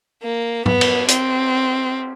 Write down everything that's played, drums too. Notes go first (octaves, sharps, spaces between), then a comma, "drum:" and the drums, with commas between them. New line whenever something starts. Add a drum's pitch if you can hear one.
A#3
B3, drum: tom G#2
drum: cymbal
C4, drum: hi-hat